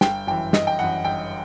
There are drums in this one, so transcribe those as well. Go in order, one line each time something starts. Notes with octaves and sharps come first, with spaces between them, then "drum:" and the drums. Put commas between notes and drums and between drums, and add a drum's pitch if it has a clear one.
G1 G5, drum: snare
F#2 E3 G5
G1 D#5, drum: snare
G5
F#2 E3 F#5
G1 G5